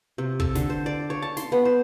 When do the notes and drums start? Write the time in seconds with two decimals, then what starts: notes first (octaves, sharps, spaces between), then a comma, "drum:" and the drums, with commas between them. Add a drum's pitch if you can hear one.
0.18 C3
0.40 A4, drum: kick
0.55 D3, drum: snare
0.70 C5
0.86 D5
1.10 C#5
1.22 A5
1.37 C6, drum: snare
1.52 B3
1.65 C5